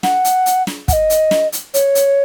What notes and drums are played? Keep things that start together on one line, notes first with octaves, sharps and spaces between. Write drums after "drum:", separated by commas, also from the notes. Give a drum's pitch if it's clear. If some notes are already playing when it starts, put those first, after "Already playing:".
F#5, drum: snare
drum: hi-hat
drum: hi-hat
drum: snare
F#5, drum: kick, hi-hat
D#5
drum: hi-hat
drum: snare
drum: hi-hat
C#5, drum: hi-hat
drum: hi-hat